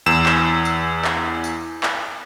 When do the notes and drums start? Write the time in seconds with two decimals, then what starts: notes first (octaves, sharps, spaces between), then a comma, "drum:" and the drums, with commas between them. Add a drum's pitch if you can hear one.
0.06 E2 E6 E7
0.26 drum: clap
0.65 drum: tambourine
1.05 drum: clap
1.44 drum: tambourine
1.83 drum: clap